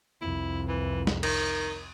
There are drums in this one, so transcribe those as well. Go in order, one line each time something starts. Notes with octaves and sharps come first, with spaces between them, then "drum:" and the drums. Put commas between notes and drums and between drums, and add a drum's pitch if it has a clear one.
C2 F2 E4
E3
drum: snare
D#3, drum: cymbal